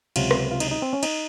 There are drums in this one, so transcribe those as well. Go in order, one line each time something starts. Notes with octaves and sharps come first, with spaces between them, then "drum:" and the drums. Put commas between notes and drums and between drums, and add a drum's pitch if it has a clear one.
C#2 C3 F#3 F4, drum: cymbal
drum: rim click
F4
D#4, drum: cymbal
D#4
C4
C#4
D#4, drum: cymbal